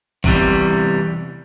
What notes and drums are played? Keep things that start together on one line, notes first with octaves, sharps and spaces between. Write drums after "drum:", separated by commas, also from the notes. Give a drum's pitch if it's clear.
E2 C3 E3 G3, drum: kick B1